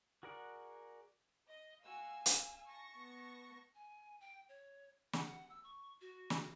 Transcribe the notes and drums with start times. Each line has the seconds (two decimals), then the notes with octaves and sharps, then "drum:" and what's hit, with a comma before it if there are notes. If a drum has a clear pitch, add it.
0.23 F#4 G#4 A#4 D5 F#5
1.49 D#5
1.83 F#4 F5 G#5 E6
2.26 E6, drum: hi-hat
2.66 A5 C#6 A#6
2.98 B3
3.75 G#5
4.20 G5
4.49 C#5
5.13 F#5, drum: snare
5.49 E6
5.64 C#6
6.01 F#4
6.30 drum: snare